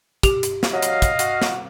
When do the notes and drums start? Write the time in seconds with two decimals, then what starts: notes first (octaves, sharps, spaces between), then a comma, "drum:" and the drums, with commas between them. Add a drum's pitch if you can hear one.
0.23 G4 F7, drum: kick, hi-hat
0.43 drum: hi-hat
0.63 drum: snare
0.73 F#3 D#5 F5
0.82 drum: hi-hat
1.02 drum: kick, hi-hat
1.19 F#4, drum: hi-hat
1.42 drum: snare